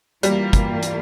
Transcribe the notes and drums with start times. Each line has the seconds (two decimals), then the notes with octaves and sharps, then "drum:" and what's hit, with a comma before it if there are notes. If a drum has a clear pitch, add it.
0.23 E3 G3 A#3 F4, drum: hi-hat
0.53 drum: kick, hi-hat
0.83 drum: hi-hat